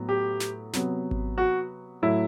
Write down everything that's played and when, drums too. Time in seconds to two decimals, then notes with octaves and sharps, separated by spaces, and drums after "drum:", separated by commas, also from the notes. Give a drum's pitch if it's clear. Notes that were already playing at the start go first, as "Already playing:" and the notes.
Already playing: A2 F#3 B3
0.09 G4
0.40 drum: snare
0.73 C3 F#3 B3, drum: snare
1.11 drum: kick G#1
1.38 F#4
2.02 A2 F#3 A3 E4